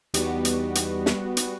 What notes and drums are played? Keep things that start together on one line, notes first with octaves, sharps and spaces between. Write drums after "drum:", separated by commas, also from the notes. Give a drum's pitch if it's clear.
E2 G3 B3 D#4 F#4 G4, drum: hi-hat
drum: hi-hat
drum: hi-hat
drum: snare
drum: hi-hat